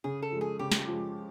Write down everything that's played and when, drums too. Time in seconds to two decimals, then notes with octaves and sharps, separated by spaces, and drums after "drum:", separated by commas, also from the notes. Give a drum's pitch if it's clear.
0.04 C#3 G#4
0.22 A4
0.32 F3 G#3
0.41 G#4
0.59 C#3 G4
0.72 drum: snare
0.88 F3 G#3